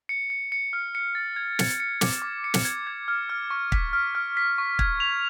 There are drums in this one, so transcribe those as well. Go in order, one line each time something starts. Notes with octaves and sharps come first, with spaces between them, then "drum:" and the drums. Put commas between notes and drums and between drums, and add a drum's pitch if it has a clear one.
C#7
C#7
C#7
F6
C#7
A6
G#6
C#7, drum: snare
C#7
D6, drum: snare
D6
C#7
drum: snare
G#6
G#6
F6
F6
C#6
B6, drum: kick
F6
F6
B6
C#6
G#6, drum: kick
F7